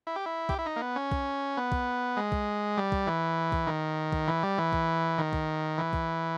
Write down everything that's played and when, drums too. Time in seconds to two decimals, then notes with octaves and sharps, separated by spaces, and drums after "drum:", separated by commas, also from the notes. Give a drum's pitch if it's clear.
0.07 E4
0.16 G4
0.26 E4
0.49 G4, drum: kick B1
0.58 E4
0.66 D#4
0.76 A#3
0.82 B3
0.96 C#4
1.12 drum: kick B1
1.57 B3
1.72 drum: kick B1
2.16 G#3
2.32 drum: kick B1
2.77 G3
2.92 drum: kick B1
3.07 E3
3.52 drum: kick B1
3.67 D#3
4.12 drum: kick B1
4.27 E3
4.43 G3
4.58 E3
4.73 drum: kick B1
5.18 D#3
5.33 drum: kick B1
5.78 E3
5.93 drum: kick B1